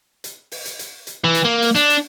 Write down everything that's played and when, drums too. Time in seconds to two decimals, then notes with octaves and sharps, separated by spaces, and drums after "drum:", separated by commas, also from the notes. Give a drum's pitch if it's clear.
0.24 drum: hi-hat
0.52 drum: open hi-hat
0.65 drum: hi-hat
0.79 drum: hi-hat
1.07 drum: hi-hat
1.24 E3
1.34 drum: hi-hat
1.45 A#3
1.62 drum: open hi-hat
1.76 D4, drum: hi-hat
1.90 drum: hi-hat